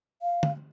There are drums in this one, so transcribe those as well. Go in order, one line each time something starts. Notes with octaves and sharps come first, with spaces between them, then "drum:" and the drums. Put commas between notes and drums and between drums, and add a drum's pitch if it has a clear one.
F5
drum: tom